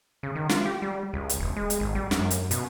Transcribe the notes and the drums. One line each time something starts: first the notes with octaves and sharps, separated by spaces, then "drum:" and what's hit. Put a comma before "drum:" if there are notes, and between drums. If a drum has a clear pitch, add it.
C#3
D#3
F4, drum: snare
G4
G3
C#2
drum: hi-hat
E1
G#3
drum: hi-hat
G#1
G3
F#2, drum: snare
drum: hi-hat
B2, drum: hi-hat